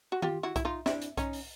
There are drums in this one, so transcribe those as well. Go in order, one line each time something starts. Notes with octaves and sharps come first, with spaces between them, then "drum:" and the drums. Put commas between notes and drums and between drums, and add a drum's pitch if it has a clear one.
F#4
F4 G4, drum: tom D#3
E4 F#4
E4, drum: kick B1, hi-hat
D#4 F4
D4 E4, drum: snare
drum: hi-hat
C#4 D#4, drum: kick B1, hi-hat
drum: open hi-hat